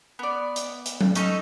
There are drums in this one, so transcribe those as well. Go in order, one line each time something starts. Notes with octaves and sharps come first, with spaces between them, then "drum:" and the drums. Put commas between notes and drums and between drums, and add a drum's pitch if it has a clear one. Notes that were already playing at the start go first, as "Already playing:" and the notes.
B3 D5
drum: hi-hat
drum: hi-hat
drum: tom F#3
C#4 D#4 A4 D#5, drum: hi-hat